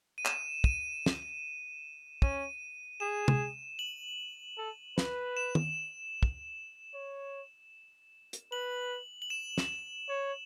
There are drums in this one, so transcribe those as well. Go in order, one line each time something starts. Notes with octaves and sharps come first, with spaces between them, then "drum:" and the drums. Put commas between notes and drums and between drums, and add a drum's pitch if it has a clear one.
D#7
E7, drum: clap
D#7, drum: kick
drum: snare
C#4 D#7, drum: kick
G#4 E7
drum: tom
F#7
A4
B4, drum: snare
E7
drum: tom
drum: kick
C#5
drum: hi-hat
B4 F#7
F#7
E7
drum: snare
C#5